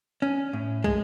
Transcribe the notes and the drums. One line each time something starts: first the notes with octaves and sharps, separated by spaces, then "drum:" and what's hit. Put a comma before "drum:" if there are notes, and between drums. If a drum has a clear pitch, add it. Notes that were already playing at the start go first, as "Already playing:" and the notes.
C#4
A2
G#3, drum: kick